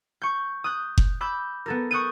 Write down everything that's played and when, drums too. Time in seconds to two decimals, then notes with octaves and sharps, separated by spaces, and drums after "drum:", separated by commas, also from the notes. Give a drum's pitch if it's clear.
0.22 C#6 G6
0.64 D#6 F#6 G6
0.98 drum: kick F#1
1.21 B5 D6 E6 G6
1.66 B3 A4 A#4
1.91 C#6 D#6 F#6 G6 D7 D#7